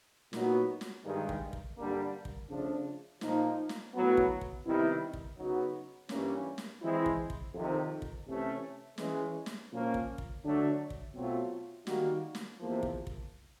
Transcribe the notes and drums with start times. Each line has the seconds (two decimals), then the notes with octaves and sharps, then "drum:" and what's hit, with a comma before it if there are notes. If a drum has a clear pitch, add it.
0.33 A#2 F#3 B3 D#4 F#4, drum: snare
0.81 drum: snare
1.04 G2 D#3 G#3
1.29 drum: kick
1.53 drum: kick
1.77 G2 D3 G3 A#3 D4
2.25 drum: kick
2.49 C#3 F3 A3 D4
3.21 A#2 F3 A#3 D#4, drum: snare
3.69 drum: snare
3.93 A2 F#3 B3
4.17 drum: kick
4.41 drum: kick
4.65 C3 D#3 G3 B3 E4
5.14 drum: kick
5.38 C#3 F#3 B3 D#4 F#4
6.09 G2 E3 G3 A#3 C#4, drum: snare
6.58 drum: snare
6.82 E3 G#3 C4 E4
7.06 drum: kick
7.30 drum: kick
7.54 F2 C3 D#3
8.02 drum: kick
8.26 C3 E3 A3 C#4
8.98 E3 G#3 C#4, drum: snare
9.46 drum: snare
9.71 A#2 F3 A#3 C#4
9.94 drum: kick
10.18 drum: kick
10.43 D3 F#3 A3 D4
10.90 drum: kick
11.14 B2 F#3 A3 C4 F4
11.87 D#3 G3 A#3 D#4 F#4, drum: snare
12.35 drum: snare
12.58 E2 C3 F3 A#3
12.83 drum: kick
13.07 drum: kick